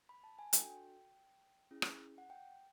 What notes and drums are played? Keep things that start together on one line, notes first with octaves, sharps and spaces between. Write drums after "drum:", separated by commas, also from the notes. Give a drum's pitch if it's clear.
B5
A5
G#5
D4 F#4 A4 G5, drum: hi-hat
C#4 E4 G#4
drum: rim click
F#5
G5